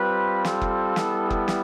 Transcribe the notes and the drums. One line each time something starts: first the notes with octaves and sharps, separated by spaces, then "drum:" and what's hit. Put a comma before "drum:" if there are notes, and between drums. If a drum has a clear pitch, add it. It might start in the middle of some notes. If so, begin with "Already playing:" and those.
Already playing: G3 C4 F4 B4
A4, drum: snare
drum: kick F#1
G3 B3 E4, drum: snare
drum: kick F#1
drum: snare